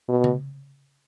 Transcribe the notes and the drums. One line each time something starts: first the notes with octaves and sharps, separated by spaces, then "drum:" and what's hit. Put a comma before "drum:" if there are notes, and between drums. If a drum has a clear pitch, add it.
B2
drum: tom C#3